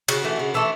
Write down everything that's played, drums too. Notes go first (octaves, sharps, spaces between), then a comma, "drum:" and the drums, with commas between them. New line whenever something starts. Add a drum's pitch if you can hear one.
C#3 F#4, drum: cymbal
E3 A3
C#3
E3 A3 A4